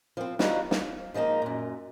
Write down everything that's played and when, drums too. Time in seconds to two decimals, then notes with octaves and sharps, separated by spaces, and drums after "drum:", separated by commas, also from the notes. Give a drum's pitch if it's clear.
0.17 F3 C4
0.39 F3 G3 D#4 F4 F#4, drum: snare
0.71 F3, drum: snare
1.14 D#3 F3 G#3 A#3 D#4
1.42 F#2 A#2